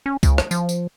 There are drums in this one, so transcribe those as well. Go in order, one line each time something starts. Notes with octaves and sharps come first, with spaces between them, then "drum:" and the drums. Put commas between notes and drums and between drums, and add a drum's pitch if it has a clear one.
C#4
C#2, drum: kick C2, tambourine
drum: rim click
F3, drum: tambourine
drum: tambourine